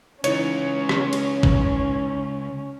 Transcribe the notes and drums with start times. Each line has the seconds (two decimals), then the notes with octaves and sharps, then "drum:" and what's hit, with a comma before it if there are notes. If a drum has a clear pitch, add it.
0.24 C#2 E3 C#4 D#4 C#5, drum: hi-hat
0.89 drum: rim click
1.13 drum: cymbal
1.43 drum: kick